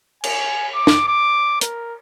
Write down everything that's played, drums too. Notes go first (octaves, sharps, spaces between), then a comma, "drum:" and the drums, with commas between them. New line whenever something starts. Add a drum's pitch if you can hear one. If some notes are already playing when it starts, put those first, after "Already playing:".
G#5, drum: cymbal
D6
drum: snare
D6
A#4, drum: hi-hat